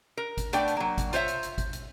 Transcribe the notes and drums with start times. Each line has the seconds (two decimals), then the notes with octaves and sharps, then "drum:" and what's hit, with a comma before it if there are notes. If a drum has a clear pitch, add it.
0.17 A#4
0.37 drum: kick G#1, hi-hat
0.53 A3 B3 D4 D5 G5, drum: hi-hat
0.68 drum: hi-hat
0.77 F#3 A#3
0.98 drum: kick G#1, hi-hat
1.13 F4 C5 C#5 E5, drum: hi-hat
1.28 drum: hi-hat
1.43 drum: hi-hat
1.58 drum: kick G#1, hi-hat
1.73 drum: hi-hat